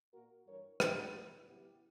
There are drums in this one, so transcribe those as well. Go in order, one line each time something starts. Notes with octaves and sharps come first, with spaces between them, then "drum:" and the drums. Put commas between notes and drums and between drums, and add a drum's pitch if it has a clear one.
A#2 A#3 F#4 A#4
G2 E3 G3 A#4 C#5
A#2 A#3 F#4 A#4, drum: rim click
C#3 E3 G3 B3
C#3 F#3 B3 E4 G4